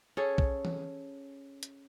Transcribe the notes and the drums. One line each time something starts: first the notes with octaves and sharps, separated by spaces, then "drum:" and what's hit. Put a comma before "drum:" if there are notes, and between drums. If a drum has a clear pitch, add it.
C#4 G#4 A4
drum: kick
drum: tom E3
drum: hi-hat